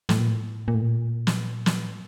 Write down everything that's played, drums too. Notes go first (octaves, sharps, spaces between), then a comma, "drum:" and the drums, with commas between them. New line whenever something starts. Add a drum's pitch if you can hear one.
A2, drum: snare
A#2
A2
A#2
A2
A#2
drum: snare
drum: snare
A2